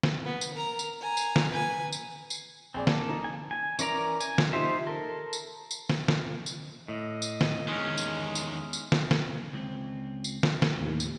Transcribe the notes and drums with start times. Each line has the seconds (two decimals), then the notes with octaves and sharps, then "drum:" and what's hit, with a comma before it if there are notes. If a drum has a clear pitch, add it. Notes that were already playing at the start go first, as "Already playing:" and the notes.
0.03 drum: snare
0.25 B3
0.41 drum: tambourine
0.54 A#4 A#5
0.79 drum: tambourine
1.01 G#5 A#5
1.17 drum: tambourine
1.36 drum: snare
1.50 B4 G#5
1.92 drum: tambourine
2.30 drum: tambourine
2.74 A#1 C4 G#4 D5
2.87 A#3 A4, drum: snare
3.09 D#4
3.24 F3 G#5
3.51 G#5
3.79 E3 C#4 A#4 D5 A#5, drum: tambourine
4.20 G#5, drum: tambourine
4.38 drum: snare
4.53 D#4 F4 G4 C5 E5
4.87 A4 A#4
5.33 drum: tambourine
5.71 drum: tambourine
5.90 drum: snare
6.08 drum: snare
6.46 drum: tambourine
6.88 A2 D#5
7.22 drum: tambourine
7.41 drum: snare
7.68 E2 D#3 G#3 C#4
7.97 drum: tambourine
8.35 drum: tambourine
8.73 drum: tambourine
8.92 drum: snare
9.11 drum: snare
9.53 C#2 C4 F4
10.24 drum: tambourine
10.43 drum: snare
10.62 drum: snare
10.75 D#2 A2
11.00 drum: tambourine